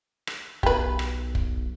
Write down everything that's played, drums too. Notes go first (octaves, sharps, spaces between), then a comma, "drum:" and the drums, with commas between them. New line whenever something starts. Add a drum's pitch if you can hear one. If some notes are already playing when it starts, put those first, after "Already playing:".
drum: rim click
B1 G4 B4, drum: kick
drum: rim click
drum: kick